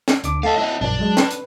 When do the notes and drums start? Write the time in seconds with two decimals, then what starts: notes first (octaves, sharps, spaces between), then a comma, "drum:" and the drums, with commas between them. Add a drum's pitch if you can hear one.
0.08 drum: snare
0.24 D2 D4 D6, drum: hi-hat
0.43 A3 D#5 F5 A5
0.58 D4 D#5 E5 F#5
0.81 A#1 F#2 D4 D5
0.99 F#3 G#3
1.17 B4, drum: snare
1.31 drum: hi-hat